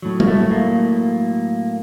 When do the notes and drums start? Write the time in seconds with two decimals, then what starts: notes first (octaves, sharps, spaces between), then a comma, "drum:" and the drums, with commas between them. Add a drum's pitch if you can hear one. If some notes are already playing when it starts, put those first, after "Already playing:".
0.02 A2 F#3
0.20 A#3, drum: tom G3
0.27 A3
0.51 A#3